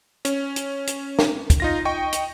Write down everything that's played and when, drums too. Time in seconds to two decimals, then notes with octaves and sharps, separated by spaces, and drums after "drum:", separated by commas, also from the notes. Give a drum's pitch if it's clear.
0.25 C#4, drum: hi-hat
0.56 drum: hi-hat
0.87 drum: hi-hat
1.19 drum: snare
1.50 drum: kick, hi-hat
1.60 D#4 F4 A#6
1.85 D#5 G5 C#6
2.12 drum: hi-hat